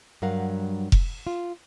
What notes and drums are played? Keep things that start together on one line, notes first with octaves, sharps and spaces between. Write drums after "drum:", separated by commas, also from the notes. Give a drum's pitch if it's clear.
G2 F#3 A#4 F5 F#5
drum: kick F1
F4